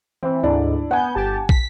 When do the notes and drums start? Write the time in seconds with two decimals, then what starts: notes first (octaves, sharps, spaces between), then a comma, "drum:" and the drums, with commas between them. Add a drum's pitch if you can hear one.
0.23 E3 C4
0.43 D2 G#2 D4 E4 D5
0.91 B3 F#5 G#5 G6
1.15 G1 G4 A5
1.49 B6, drum: kick